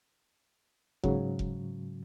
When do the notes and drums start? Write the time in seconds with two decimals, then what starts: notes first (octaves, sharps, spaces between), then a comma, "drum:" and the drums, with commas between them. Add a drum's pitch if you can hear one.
1.04 G#2 C#3 F#3, drum: kick F1
1.39 drum: kick F1